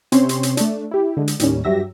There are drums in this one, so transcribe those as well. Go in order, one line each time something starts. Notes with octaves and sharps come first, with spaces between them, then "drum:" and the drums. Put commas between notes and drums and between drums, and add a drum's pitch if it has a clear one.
C3 C4 C#4 C5 C#5 C6, drum: hi-hat
drum: hi-hat
drum: hi-hat
A3 D4, drum: hi-hat
E4 G4
D3 G#3
drum: hi-hat
D#2 A2 D#3 G3 C#4, drum: hi-hat
G2 F#3 G4 E5 A#6